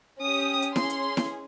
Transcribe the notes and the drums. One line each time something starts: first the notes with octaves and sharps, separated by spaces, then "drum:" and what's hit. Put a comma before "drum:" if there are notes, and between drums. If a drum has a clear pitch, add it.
C#4 G4 D#6
drum: hi-hat
C#4 G#4 C6, drum: snare E4
drum: hi-hat
drum: snare E4